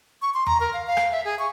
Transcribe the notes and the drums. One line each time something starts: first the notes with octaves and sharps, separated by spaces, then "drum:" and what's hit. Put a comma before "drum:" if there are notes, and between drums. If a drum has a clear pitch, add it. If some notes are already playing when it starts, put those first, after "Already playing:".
C#6
C6
A#5, drum: tom E2
A#4
F5
F5
drum: rim click
E5
G#4
C#6